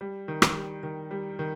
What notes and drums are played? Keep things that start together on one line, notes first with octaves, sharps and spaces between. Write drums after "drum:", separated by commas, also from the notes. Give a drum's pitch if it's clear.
G3
D#3
drum: rim click
G3
D#3
G3
D#3